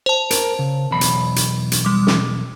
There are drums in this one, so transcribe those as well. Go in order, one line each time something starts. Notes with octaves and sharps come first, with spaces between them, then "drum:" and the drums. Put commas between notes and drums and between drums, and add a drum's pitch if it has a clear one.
C5 A5
A#4, drum: hi-hat
C#3
B1 E2 B5
drum: hi-hat
drum: hi-hat
drum: hi-hat
G3 D6
drum: snare